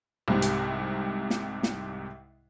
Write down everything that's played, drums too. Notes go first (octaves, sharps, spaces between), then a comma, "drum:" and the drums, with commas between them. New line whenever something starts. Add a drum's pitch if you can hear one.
C2 G#2 C3
drum: hi-hat
drum: snare
drum: snare